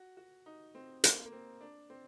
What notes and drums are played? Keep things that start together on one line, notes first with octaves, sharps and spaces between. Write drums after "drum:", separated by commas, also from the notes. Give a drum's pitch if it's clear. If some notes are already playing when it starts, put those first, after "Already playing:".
Already playing: F#4
F#4
D#4
C4
A#3, drum: hi-hat
A#3
C4
D4
C4